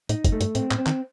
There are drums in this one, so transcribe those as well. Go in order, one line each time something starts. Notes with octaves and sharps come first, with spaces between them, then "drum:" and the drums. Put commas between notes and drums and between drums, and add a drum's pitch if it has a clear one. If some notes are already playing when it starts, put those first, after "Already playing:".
A2 D#4, drum: hi-hat
F#2, drum: kick, hi-hat
A3
G2, drum: hi-hat
A2 C4, drum: hi-hat
A2, drum: clap
C4
D#3, drum: clap